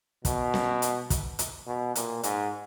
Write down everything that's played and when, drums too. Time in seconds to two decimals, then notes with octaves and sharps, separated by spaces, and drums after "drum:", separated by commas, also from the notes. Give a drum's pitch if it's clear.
0.25 B2, drum: kick, hi-hat
0.54 drum: snare
0.82 drum: hi-hat
1.10 drum: kick, hi-hat
1.39 drum: hi-hat
1.67 B2
1.95 A#2, drum: hi-hat
2.23 G#2, drum: hi-hat